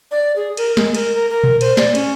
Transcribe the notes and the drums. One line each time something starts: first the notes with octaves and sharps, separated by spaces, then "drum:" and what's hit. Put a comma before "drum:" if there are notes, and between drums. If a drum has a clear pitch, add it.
D5
G#4
A#4, drum: cymbal
G#3, drum: snare
A#4, drum: cymbal
A#4
A#4
drum: tom A#2
C5, drum: cymbal
D5, drum: snare
C#4, drum: cymbal